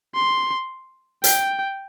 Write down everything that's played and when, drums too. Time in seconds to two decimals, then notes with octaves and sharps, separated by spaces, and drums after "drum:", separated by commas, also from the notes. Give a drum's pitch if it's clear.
0.15 C6
1.24 G5, drum: hi-hat